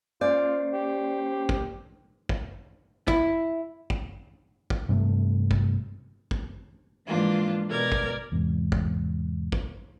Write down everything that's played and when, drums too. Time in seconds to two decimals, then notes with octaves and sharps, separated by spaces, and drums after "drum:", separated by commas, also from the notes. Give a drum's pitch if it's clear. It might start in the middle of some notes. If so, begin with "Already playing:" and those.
0.21 A#3 C#4 F4 C5 D5
0.74 G4
1.49 drum: kick
2.29 drum: kick
3.08 E4, drum: kick
3.90 drum: kick
4.70 drum: kick
4.89 G2 C3 A3
5.51 drum: kick
6.31 drum: kick
7.08 G#2 E3 F3 A#3 D4 F4
7.68 B2 A#4 D5 G#6
7.92 drum: kick
8.32 E2 G#2 C3
8.72 drum: kick
9.52 drum: kick